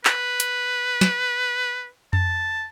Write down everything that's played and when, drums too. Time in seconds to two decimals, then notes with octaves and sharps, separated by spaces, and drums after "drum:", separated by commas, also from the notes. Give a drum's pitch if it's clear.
0.05 B4, drum: clap
0.40 drum: hi-hat
1.01 drum: snare
2.13 A5, drum: tom F2